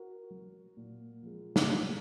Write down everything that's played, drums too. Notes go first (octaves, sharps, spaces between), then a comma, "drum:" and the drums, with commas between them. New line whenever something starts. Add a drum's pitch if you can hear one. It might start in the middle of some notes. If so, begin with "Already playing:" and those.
Already playing: F#4 A#4
F#3
A#2
F3 G#3
drum: snare
A#2